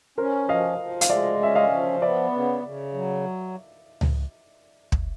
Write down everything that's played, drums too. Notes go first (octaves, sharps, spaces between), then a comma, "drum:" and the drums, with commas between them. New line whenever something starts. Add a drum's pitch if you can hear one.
C#4 A#4 C5
F3 D#5 F5
F3
F5, drum: hi-hat
G#3 D5 E5
C#4 E5
D#5 F5
F3
B3 D5 E5
C#3
C#3
F#3
drum: tom C#2
drum: kick